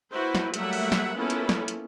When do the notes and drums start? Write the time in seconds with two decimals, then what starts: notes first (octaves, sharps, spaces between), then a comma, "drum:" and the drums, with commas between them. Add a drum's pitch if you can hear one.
0.11 A#3 E4 F#4 B4 C5
0.35 drum: snare
0.54 F#3 G3 A3 A#3 E5 F#5, drum: hi-hat
0.73 drum: open hi-hat
0.92 drum: snare
1.16 A#3 B3 C#4 E4 F4 A4
1.30 drum: hi-hat
1.49 drum: snare
1.68 drum: hi-hat